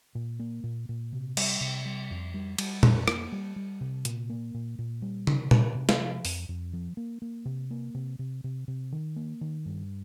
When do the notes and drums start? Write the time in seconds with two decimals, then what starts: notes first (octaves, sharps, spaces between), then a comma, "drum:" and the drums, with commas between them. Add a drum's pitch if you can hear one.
0.15 A#2
0.40 A#3
0.64 A#2
0.89 A#2
1.13 C3
1.37 G3, drum: cymbal
1.61 C3
1.85 G3
2.11 F2
2.34 G3
2.58 G3, drum: cymbal
2.83 F2, drum: tom A#2
3.08 A#3, drum: rim click
3.32 G3
3.56 G3
3.81 C3
4.05 A#2, drum: hi-hat
4.30 A#3
4.54 A#2
4.79 A#2
5.02 G3
5.27 C3, drum: tom C#3
5.51 C3, drum: tom A#2
5.75 C3
5.89 drum: snare
5.99 F3
6.25 F2, drum: open hi-hat
6.49 F2
6.73 F3
6.97 A#3
7.22 A#3
7.45 C3
7.71 A#3
7.95 C3
8.19 C3
8.44 C3
8.68 C3
8.92 D#3
9.16 A#3
9.41 D#3
9.66 G2